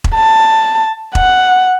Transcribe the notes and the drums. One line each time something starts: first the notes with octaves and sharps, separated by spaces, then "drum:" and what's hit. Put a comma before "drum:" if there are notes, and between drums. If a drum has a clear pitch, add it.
drum: kick E1
A5
F#5, drum: kick E1